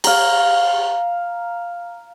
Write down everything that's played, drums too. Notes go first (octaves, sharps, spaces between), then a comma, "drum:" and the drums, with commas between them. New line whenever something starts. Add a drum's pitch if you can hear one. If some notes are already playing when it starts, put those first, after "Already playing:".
F5 A#5, drum: cymbal